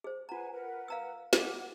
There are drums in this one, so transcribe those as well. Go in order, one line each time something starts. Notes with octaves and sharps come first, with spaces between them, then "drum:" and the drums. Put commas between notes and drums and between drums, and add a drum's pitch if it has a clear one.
G#4 C5
F4 B4 F#5 G#5 A#5
A#4 B4 F#5
F5 A#5 E6
F#5 D6, drum: snare